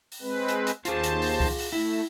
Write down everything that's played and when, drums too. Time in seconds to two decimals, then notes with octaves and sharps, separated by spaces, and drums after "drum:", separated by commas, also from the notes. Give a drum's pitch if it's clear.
0.12 drum: open hi-hat
0.22 G#3 C4 B4
0.48 drum: hi-hat
0.67 drum: hi-hat
0.85 D#2 F4 G#4 C5 A5, drum: hi-hat
1.04 drum: hi-hat
1.22 drum: open hi-hat
1.40 drum: kick C#2, open hi-hat
1.59 drum: open hi-hat
1.73 A3 E4